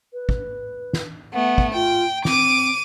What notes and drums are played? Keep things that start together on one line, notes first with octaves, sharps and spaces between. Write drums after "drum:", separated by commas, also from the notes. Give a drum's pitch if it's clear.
B4
drum: kick
drum: snare
A3 B3 F#5
drum: kick
F4 G5
C4 D6 D#7, drum: snare